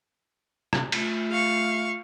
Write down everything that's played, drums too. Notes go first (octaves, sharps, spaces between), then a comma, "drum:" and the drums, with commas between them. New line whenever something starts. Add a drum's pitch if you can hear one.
drum: rim click
A3 F4, drum: cymbal
F5 C#6